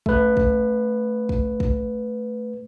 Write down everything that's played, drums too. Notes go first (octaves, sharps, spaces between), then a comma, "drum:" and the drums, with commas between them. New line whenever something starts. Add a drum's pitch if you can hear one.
A3 B4, drum: kick
drum: kick
drum: kick
drum: kick